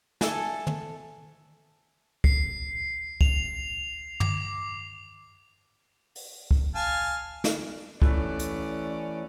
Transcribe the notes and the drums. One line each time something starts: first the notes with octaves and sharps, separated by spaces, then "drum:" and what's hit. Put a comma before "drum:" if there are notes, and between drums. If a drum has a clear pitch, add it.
A4 E5 G#5, drum: snare
drum: tom
C7, drum: kick
F7, drum: kick
D6, drum: tom G2
drum: open hi-hat
drum: kick
F5 G#5 A5
drum: snare
E3 A3 C#4 D5, drum: kick
drum: hi-hat